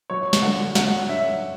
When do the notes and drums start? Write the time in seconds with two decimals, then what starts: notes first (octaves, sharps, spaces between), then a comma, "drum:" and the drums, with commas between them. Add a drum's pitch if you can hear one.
0.10 F#3 C#5
0.33 drum: snare
0.42 D3 F#5
0.75 F#3 F#5, drum: snare
1.09 C#4 E5